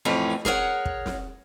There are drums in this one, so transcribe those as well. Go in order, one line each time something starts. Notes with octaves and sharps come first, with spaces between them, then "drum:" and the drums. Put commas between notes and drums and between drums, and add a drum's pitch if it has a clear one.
F2 A2 E3 A3 C#4
G#4 A#4 C#5 E5 F#5, drum: snare
drum: kick
drum: snare